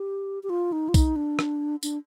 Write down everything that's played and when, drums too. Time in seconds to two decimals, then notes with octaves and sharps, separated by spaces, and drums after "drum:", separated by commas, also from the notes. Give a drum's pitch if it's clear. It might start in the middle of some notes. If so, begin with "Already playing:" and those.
Already playing: G4
0.43 G4
0.50 F4
0.72 D#4
0.89 F4
0.94 D#4, drum: kick, tambourine
1.16 D4
1.39 drum: rim click
1.83 D4, drum: tambourine